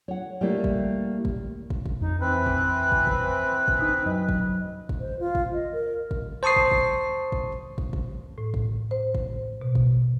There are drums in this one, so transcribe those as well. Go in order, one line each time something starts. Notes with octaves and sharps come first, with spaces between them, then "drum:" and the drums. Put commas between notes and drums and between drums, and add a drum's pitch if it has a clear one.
C#5 F#5
G3 A3 A#3 E4
drum: kick
drum: kick
drum: kick
drum: kick
F2 D#4
E3 C4 B4
drum: kick
drum: kick
drum: kick
drum: kick
D#4 D#6 B6
F#2 F#3 D#5
drum: kick
drum: kick
C5
F4
drum: kick
D#5
A#4
drum: kick
C5 A5 C#6 D#6 C7
drum: kick
drum: kick
drum: kick
drum: kick
drum: kick
A2
drum: kick
C5
drum: kick
B2
drum: kick